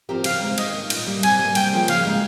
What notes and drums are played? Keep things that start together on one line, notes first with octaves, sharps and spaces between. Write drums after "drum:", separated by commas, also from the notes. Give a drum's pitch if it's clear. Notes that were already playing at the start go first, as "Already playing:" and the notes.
F3 C4 G4 A#4
C#3 F5, drum: cymbal
G#3 C4
D#3 D#5, drum: cymbal
A#3 C#4
A#2, drum: cymbal
G3 A#3
C3 G#5, drum: cymbal
G3 A#3
C3 G5, drum: cymbal
F3 A#3 C#4 G#4
C#3 F5, drum: cymbal
G#3 D#4 G#4